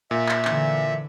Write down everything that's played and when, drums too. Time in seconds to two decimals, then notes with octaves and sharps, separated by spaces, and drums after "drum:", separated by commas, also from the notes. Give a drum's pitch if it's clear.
0.11 A#2 E5
0.29 drum: clap
0.45 D3 E3, drum: clap